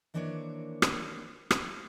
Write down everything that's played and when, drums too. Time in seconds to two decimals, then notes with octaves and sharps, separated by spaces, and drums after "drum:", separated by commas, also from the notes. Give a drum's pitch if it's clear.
0.14 D#3 E3 A#3 D4 C5 C#5
0.82 drum: rim click
1.51 drum: rim click